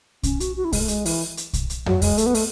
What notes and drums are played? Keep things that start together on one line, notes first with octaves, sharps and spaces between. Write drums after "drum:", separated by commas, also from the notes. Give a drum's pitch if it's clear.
C#4, drum: kick, hi-hat
F#4, drum: hi-hat
F#4
E4
G#3, drum: kick, open hi-hat
A3
G#3, drum: hi-hat
E3, drum: open hi-hat
drum: hi-hat
drum: kick, hi-hat
drum: hi-hat
F#3, drum: tom F2
G#3, drum: kick, open hi-hat
A3, drum: hi-hat
B3
A3, drum: open hi-hat